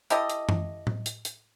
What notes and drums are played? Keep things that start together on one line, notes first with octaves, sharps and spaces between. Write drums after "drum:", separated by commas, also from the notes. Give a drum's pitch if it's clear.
E4 G4 A4 D#5, drum: hi-hat
drum: hi-hat
drum: tom F#2
drum: tom A2
drum: hi-hat
drum: hi-hat